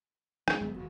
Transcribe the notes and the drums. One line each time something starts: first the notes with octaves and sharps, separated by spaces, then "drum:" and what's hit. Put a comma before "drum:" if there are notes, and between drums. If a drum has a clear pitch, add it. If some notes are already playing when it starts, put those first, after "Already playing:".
G#3, drum: rim click
G1 F#3 B3
D#1 C#3 F#4